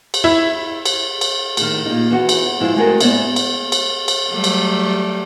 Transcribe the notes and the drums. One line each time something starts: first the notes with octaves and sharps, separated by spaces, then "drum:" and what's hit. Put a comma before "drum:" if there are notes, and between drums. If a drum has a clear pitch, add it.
drum: cymbal
E4
drum: cymbal
drum: cymbal
A2 D#3, drum: cymbal
A#2 D#4
E3 B3 F#4
drum: cymbal
G#2 F3 G#3 E4
G#3 A3 C4 F#4 G#4 A#4
G#2 A3 B3 E4 D5 E5, drum: cymbal
drum: cymbal
drum: cymbal
drum: cymbal
F#3 G3 A3
drum: cymbal